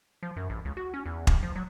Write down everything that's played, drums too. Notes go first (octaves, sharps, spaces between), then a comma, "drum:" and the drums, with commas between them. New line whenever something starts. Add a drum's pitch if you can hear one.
F3
F#2
A1
C#2
F#4
C#4
E2
A1, drum: kick
F3
F#3